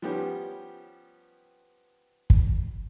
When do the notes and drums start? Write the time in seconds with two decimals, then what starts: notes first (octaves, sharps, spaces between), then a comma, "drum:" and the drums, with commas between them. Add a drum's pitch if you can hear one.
0.02 F3 G3 B3 C#4 G4
2.30 drum: kick